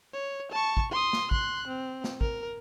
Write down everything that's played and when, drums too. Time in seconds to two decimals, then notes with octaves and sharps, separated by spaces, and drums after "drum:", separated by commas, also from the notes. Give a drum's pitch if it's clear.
0.14 C#5
0.51 A5 C#6
0.77 drum: kick
0.92 C6 D#6
1.13 drum: snare
1.31 C6 F#6, drum: kick
1.68 C4
2.04 drum: snare
2.21 A#4, drum: kick